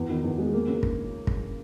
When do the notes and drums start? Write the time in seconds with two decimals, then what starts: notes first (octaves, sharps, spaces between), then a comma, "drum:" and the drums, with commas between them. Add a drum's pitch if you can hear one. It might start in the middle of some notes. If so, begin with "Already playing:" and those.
Already playing: E2
0.09 D#3
0.24 E2
0.38 G#3
0.53 A#3
0.68 C#3
0.83 drum: kick
1.27 drum: kick